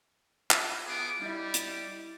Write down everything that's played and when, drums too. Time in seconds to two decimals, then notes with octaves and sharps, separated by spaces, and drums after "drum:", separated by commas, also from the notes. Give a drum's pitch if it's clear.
0.51 F4 E5, drum: clap
0.87 B3 G#4 D6
1.22 G3 D#4 E4
1.54 drum: hi-hat